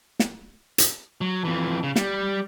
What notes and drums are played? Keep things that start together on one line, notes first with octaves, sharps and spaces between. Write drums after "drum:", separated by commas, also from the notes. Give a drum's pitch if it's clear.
drum: snare
drum: hi-hat
F#3
F2 E3
C#3
G3, drum: snare